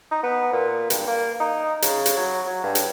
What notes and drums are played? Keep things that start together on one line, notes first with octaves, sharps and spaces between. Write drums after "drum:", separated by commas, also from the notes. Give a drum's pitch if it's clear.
D#4
B3
A#2
G2, drum: hi-hat
A#3
D#4
C#3, drum: hi-hat
drum: hi-hat
F#3
F#3
G2
drum: hi-hat